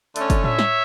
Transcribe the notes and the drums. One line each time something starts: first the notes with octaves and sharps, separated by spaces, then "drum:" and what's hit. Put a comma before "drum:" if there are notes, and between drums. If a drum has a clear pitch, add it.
D3 A3 C#4, drum: hi-hat
drum: kick, hi-hat
C#5 E5, drum: tom A2
drum: snare